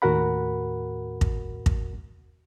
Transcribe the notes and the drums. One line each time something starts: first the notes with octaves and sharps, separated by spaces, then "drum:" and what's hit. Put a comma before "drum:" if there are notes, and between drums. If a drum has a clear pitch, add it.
D#2 A2 F#4 A#4 F#5 B5
drum: kick
drum: kick